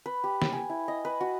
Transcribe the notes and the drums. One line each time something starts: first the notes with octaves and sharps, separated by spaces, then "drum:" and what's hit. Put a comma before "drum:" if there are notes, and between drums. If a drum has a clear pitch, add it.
B4
G4
drum: snare
G#5
E4
D#5
B4
F#4